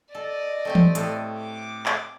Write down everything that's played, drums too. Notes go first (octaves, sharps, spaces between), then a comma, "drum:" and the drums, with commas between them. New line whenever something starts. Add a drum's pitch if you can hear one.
A4 D5 D#5
A3 C4 G4
drum: tom E3
A2 A4, drum: hi-hat
D6
drum: clap